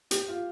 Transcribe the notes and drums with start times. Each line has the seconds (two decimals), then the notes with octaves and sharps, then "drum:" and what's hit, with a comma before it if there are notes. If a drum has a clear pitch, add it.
0.11 G4, drum: hi-hat
0.28 F4